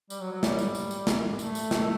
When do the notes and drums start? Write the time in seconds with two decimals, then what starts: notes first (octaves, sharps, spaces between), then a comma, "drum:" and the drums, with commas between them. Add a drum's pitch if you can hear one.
0.10 G3, drum: tambourine
0.21 F#3
0.32 F#3
0.43 G3, drum: snare
0.59 drum: tambourine
0.75 drum: tambourine
0.91 drum: tambourine
1.07 drum: snare
1.39 A3, drum: tambourine
1.55 drum: tambourine
1.71 drum: snare